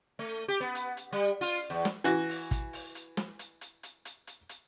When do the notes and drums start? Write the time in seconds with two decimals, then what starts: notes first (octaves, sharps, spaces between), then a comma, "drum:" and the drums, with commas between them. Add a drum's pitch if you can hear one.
0.19 A3
0.48 G4
0.60 B3
0.75 drum: hi-hat
0.97 drum: hi-hat
1.12 G3
1.41 F4, drum: open hi-hat
1.70 E2
1.85 drum: snare
2.04 E3 F#4, drum: hi-hat
2.29 drum: open hi-hat
2.51 drum: kick, hi-hat
2.73 drum: open hi-hat
2.95 drum: hi-hat
3.17 drum: snare
3.39 drum: hi-hat
3.61 drum: hi-hat
3.83 drum: hi-hat
4.05 drum: hi-hat
4.27 drum: hi-hat
4.49 drum: hi-hat